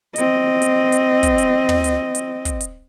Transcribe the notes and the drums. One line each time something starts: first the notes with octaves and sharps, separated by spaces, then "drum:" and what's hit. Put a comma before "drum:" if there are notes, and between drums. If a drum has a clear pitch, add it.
C4 D#5, drum: hi-hat
drum: hi-hat
drum: hi-hat
drum: kick, hi-hat
drum: hi-hat
drum: tom
drum: hi-hat
drum: hi-hat
drum: kick, hi-hat
drum: hi-hat